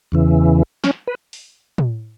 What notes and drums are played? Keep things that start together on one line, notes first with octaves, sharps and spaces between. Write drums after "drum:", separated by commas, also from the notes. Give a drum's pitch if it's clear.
E2 C#3 E3
C#4, drum: snare
B4
drum: open hi-hat
drum: tom